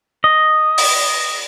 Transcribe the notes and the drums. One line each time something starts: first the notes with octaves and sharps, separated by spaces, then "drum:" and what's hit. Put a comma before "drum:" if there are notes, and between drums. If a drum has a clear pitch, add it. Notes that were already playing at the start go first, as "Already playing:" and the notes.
D#5
drum: open hi-hat